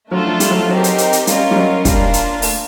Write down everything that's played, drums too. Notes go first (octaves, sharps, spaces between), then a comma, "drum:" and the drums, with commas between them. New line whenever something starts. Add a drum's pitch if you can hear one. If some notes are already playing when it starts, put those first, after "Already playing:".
F#3 A3 D4 F4 A4
F3
G3, drum: hi-hat
F#3
F3
F#3 C4 D#4 G4 A#4
drum: hi-hat
drum: hi-hat
drum: hi-hat
G3 C#4 F4 A#4 D#5, drum: hi-hat
G3
F#3
G3 A#3 D4 F4, drum: kick, hi-hat
drum: hi-hat
A3, drum: open hi-hat